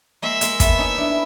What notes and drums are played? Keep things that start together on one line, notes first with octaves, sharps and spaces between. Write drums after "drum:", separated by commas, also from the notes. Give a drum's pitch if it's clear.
G#3 A#3 E5
G#3 A#3, drum: hi-hat
A3 B3, drum: kick, hi-hat
C#4 D#4
D4 E4
E4